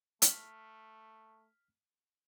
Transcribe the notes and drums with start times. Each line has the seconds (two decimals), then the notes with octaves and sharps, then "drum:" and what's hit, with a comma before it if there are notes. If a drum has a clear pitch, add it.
0.22 A3 F6 B6, drum: hi-hat